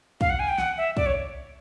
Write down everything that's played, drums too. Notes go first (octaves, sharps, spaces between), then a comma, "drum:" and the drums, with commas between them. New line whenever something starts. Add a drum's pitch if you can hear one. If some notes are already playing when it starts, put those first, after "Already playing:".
F5, drum: kick
F#5
G#5
G5
F#5, drum: snare
E5
D5, drum: kick
C#5